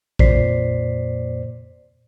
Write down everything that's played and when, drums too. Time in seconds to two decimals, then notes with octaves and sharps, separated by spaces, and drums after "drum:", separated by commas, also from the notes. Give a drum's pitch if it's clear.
0.19 F2 A#2 C5 D5 B6 C7, drum: kick A#1